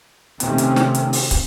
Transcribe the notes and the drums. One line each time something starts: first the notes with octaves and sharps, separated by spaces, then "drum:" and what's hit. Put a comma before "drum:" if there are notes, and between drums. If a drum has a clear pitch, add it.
C3 D#3 A3 C4 C#4, drum: hi-hat
drum: hi-hat
drum: snare
drum: hi-hat
drum: open hi-hat
drum: kick, hi-hat